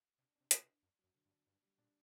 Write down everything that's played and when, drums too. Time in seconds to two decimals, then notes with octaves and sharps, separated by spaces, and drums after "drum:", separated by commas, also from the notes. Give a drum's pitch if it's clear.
0.18 C3 D4
0.35 D4
0.40 C3
0.51 D4, drum: hi-hat
0.62 C3
0.67 D4
0.83 F#2 D4
0.99 F#2 F#3
1.14 D3
1.25 G2
1.30 D4
1.46 G2 D4
1.62 G3
1.78 A#2 D4